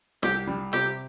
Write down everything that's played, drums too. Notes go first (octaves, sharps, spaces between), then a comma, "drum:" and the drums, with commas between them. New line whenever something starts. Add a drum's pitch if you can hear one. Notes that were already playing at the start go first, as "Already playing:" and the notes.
C2 G4, drum: snare
G3
C3 G4, drum: snare